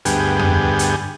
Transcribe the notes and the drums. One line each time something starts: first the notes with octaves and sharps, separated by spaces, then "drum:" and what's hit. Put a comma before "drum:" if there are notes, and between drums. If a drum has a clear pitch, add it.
D2 G2 B3 G#4 G5, drum: hi-hat
drum: tom
drum: hi-hat